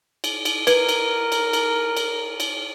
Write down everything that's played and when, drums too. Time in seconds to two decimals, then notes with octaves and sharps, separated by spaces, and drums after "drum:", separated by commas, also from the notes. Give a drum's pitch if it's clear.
0.24 drum: cymbal
0.45 drum: cymbal
0.67 A#4 B4, drum: cymbal
0.89 drum: cymbal
1.32 drum: cymbal
1.53 drum: cymbal
1.97 drum: cymbal
2.40 drum: cymbal